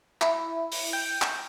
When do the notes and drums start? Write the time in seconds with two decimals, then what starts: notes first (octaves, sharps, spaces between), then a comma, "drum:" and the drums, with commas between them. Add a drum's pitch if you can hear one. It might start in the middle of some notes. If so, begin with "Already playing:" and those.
0.21 E4, drum: clap
0.72 drum: open hi-hat
0.93 G5
1.22 drum: clap